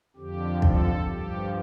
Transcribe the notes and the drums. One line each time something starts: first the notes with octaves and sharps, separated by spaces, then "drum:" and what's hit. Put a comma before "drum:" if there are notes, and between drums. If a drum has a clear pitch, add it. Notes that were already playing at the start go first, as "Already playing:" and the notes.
F2 D3 F3 G4
A4, drum: kick
G2 F3 G4